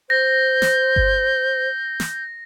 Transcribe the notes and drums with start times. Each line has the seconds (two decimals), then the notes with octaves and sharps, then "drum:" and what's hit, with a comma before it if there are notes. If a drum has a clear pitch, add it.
0.10 C5 G6 A#6
0.62 drum: snare
0.96 drum: kick G1
2.00 drum: snare